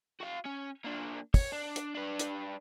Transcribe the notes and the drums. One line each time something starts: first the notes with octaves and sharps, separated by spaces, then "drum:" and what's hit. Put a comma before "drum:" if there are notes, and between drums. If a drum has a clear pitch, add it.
F#4 F5
C#4
A#3 D4
C#5, drum: kick, open hi-hat
D4
drum: hi-hat
D4 B4
drum: hi-hat